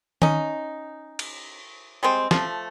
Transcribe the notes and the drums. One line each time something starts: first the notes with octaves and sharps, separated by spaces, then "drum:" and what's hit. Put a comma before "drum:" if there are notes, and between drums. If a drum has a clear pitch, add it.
C#4 D#4, drum: tom D#3
drum: cymbal
G3 G#3 C4
F3 A3, drum: snare